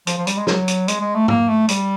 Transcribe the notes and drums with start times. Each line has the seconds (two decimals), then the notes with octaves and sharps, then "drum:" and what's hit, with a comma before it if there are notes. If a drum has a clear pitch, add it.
0.07 F3, drum: hi-hat
0.17 F3
0.27 G3, drum: hi-hat
0.37 G#3
0.47 F#3, drum: snare
0.68 drum: hi-hat
0.88 G#3, drum: hi-hat
1.01 G#3
1.15 A3
1.28 A#3, drum: tom G#2
1.49 A3
1.68 G3, drum: hi-hat